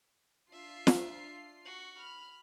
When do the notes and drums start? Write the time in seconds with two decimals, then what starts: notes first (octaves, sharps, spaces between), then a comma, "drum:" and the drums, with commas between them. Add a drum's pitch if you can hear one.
0.53 D4 F4 E5 C7
0.87 drum: snare
1.65 F#4 C#6
1.97 B5 F6